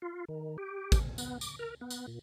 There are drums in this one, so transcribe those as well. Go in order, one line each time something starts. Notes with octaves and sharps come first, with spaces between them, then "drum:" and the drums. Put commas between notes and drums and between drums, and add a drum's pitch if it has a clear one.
F4
D#3
G4
drum: kick, tambourine
B3, drum: tambourine
D6, drum: tambourine
A#4
B3
drum: tambourine
A#2